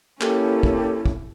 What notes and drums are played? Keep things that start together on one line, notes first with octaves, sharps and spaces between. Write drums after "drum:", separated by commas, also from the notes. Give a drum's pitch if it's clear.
A#3 C#4 E4 G4 A4, drum: clap
drum: kick
drum: kick